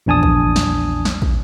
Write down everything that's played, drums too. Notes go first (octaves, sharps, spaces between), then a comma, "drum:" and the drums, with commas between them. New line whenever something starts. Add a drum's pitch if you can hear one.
A#1 E2 D4 G#5 A5 D#6
drum: kick
drum: snare
drum: snare
drum: kick